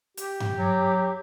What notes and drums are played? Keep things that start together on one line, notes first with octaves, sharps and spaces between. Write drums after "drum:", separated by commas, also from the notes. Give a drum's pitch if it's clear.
G4, drum: hi-hat
drum: tom G2
F#3